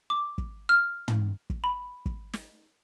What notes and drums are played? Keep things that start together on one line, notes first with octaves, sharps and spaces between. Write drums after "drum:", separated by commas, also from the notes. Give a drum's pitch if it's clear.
D6
drum: kick
F6
drum: tom
drum: kick
B5
drum: kick
drum: snare